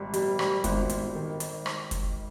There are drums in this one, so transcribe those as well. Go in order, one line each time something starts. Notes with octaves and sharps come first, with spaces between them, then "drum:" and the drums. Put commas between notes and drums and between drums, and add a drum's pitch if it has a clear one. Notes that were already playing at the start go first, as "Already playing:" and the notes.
Already playing: G#1 G3
G3, drum: hi-hat
G3, drum: rim click
G#1, drum: kick, hi-hat
G#1, drum: hi-hat
D#3
drum: hi-hat
drum: rim click
drum: kick, hi-hat